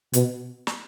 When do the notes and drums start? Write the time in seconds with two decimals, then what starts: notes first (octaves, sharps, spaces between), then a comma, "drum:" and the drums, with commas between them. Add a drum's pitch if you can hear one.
0.13 B2, drum: hi-hat
0.67 drum: snare